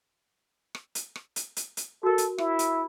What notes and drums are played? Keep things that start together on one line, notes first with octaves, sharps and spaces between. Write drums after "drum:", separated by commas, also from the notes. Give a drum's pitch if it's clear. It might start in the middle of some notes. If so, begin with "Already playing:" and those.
drum: rim click
drum: hi-hat
drum: rim click
drum: hi-hat
drum: hi-hat
drum: hi-hat
F#4 A4 A#4
drum: hi-hat
E4, drum: rim click
drum: hi-hat